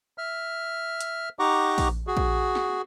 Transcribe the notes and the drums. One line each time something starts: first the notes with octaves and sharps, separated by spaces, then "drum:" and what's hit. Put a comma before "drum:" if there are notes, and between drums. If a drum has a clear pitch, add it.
E5 F6
drum: hi-hat
D#4 G4 F#5 A#5 C#6 D6
drum: kick A#1, open hi-hat
F#4 G#4
drum: kick A#1
drum: snare